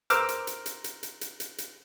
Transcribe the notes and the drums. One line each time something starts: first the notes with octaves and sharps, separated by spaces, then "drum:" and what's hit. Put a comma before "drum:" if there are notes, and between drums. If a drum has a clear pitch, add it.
A#4 C5 D6 E6 F6, drum: hi-hat
drum: hi-hat
drum: hi-hat
drum: hi-hat
drum: hi-hat
drum: hi-hat
drum: hi-hat
drum: hi-hat
drum: hi-hat